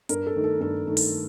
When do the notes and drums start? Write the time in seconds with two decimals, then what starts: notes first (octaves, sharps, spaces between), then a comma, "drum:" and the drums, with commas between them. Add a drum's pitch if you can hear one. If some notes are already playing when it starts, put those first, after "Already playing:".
0.09 G2 A#4, drum: hi-hat
0.26 A4
0.35 D#3 A3
0.44 A4
0.60 G2 A4
0.87 D#3 A3
0.97 drum: open hi-hat